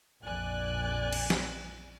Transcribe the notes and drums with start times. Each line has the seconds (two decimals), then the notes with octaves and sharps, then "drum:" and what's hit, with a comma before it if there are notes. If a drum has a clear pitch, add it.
0.22 A#1 F2 D5 G#5 F#6
1.13 drum: cymbal
1.30 drum: snare